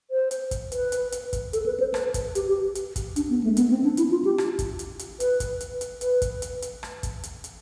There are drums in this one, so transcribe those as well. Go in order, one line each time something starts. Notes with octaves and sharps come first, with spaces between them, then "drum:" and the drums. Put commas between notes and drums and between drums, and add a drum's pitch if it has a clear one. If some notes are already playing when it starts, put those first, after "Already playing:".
C5
drum: hi-hat
drum: kick, hi-hat
B4, drum: hi-hat
drum: hi-hat
drum: hi-hat
drum: kick, hi-hat
A4, drum: hi-hat
B4
C5
B4, drum: rim click
drum: kick, hi-hat
G4, drum: hi-hat
G4
drum: hi-hat
drum: kick, hi-hat
D4, drum: hi-hat
B3
A3
B3, drum: hi-hat
C4
D4
E4, drum: hi-hat
F4
G4
drum: rim click
drum: kick, hi-hat
drum: hi-hat
drum: hi-hat
B4, drum: hi-hat
drum: kick, hi-hat
drum: hi-hat
drum: hi-hat
B4, drum: hi-hat
drum: kick, hi-hat
drum: hi-hat
drum: hi-hat
drum: rim click
drum: kick, hi-hat
drum: hi-hat
drum: hi-hat